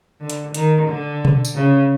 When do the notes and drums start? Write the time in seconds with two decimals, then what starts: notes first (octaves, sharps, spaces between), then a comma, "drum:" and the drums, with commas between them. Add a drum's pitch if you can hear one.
0.20 D3
0.30 drum: hi-hat
0.54 D#3, drum: hi-hat
0.88 D3
1.25 drum: tom B2
1.45 drum: tambourine
1.55 C#3